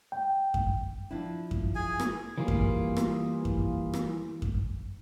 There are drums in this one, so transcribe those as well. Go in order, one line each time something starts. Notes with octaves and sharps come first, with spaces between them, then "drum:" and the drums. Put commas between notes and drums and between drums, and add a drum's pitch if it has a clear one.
G5
drum: kick F#2
F3 D4 E4
drum: kick F#2
G#4 G#5
drum: rim click
E3 G3 A#3 F4 G#4
drum: kick F#2
drum: rim click
drum: kick F#2
drum: rim click
drum: kick F#2